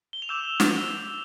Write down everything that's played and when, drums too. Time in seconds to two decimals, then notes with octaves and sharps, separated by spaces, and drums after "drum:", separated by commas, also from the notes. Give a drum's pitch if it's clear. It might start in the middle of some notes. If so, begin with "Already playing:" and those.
0.13 G7
0.22 F7
0.29 D6 E6 G6 E7
0.60 drum: snare